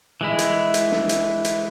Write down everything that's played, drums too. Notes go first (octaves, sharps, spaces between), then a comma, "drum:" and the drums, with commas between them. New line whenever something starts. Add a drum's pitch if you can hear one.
E3 G#3 E4
drum: hi-hat
drum: hi-hat
drum: snare
drum: hi-hat
drum: hi-hat